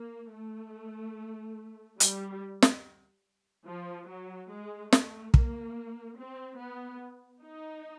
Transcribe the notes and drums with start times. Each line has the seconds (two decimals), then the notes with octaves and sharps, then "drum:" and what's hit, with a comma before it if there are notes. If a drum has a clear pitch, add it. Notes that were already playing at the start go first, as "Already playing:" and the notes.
Already playing: A#3
0.34 A3
2.00 G3, drum: hi-hat
2.62 drum: snare
3.67 F3
4.08 F#3
4.50 G#3
4.92 A3, drum: snare
5.34 A#3, drum: kick
6.17 C4
6.58 B3
7.42 D#4